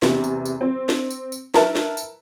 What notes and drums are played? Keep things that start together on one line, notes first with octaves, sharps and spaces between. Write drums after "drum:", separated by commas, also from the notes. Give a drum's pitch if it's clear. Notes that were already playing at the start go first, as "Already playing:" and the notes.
E2 C3, drum: snare
drum: tambourine
drum: tambourine
C4
drum: snare
drum: tambourine
drum: tambourine
E4 A#4 B4 A5, drum: snare
drum: snare
drum: tambourine